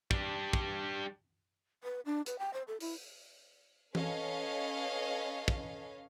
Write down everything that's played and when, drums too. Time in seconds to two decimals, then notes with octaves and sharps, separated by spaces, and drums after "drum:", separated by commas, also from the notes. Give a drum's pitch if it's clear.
0.11 G3 D4, drum: kick
0.53 drum: kick
1.83 B4
2.06 D4
2.26 B4, drum: hi-hat
2.39 G5
2.53 C5
2.68 A4
2.80 E4, drum: open hi-hat
3.95 C#4 A4 B4 C#5 D#5 F5, drum: tom E3
5.48 drum: kick